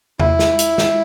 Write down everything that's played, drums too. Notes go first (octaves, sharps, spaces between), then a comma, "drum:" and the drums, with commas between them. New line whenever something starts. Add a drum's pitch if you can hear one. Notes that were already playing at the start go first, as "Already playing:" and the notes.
E4, drum: tom E2
drum: snare
drum: hi-hat
drum: snare